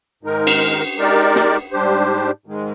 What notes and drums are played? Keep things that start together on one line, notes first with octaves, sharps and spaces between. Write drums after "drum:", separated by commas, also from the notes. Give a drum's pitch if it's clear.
G#2 D#3 G#3 D#4 A#4
drum: cymbal
G#3 D#4 G4 A#4 D5
drum: snare
G#2 G3 D4 G4 C5
G#2 D#3 G#3